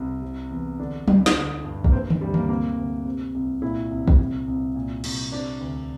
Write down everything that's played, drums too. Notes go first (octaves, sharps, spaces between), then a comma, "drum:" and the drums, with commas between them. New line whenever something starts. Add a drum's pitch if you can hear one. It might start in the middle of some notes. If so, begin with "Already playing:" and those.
Already playing: C2
C3
E2
D3 D4
D2, drum: tom F#3
drum: snare
D3
G2
A#3, drum: kick
C3 C4
drum: tom D3
D2 G3
A#3, drum: tom D3
C3 A#3
D2
C3
C2
A#2 E4
C2
drum: kick
C3
C2
A#2
C2, drum: cymbal
C3 D4
D2